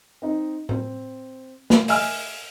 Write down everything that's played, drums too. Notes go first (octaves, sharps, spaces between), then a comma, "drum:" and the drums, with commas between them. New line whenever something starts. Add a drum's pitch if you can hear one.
C4 D#4
C4, drum: tom A2
drum: snare
D#5 E5 G#5 F6, drum: open hi-hat